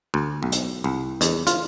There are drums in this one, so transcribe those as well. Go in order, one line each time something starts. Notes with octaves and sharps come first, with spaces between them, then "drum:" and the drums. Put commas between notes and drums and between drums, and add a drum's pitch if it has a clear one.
D2
B1
drum: hi-hat
C2
E2, drum: hi-hat
F4, drum: hi-hat